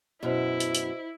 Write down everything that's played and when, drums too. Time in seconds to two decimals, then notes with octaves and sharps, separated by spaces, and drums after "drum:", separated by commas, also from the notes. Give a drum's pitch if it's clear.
0.23 F#2 B2 E4 C5 D#5
0.60 drum: hi-hat
0.75 drum: hi-hat